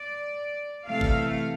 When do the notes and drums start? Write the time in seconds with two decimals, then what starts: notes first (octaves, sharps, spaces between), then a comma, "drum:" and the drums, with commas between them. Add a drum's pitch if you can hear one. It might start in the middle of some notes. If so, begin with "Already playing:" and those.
Already playing: D5
0.87 C3 E3 A3 F5
1.01 drum: kick G1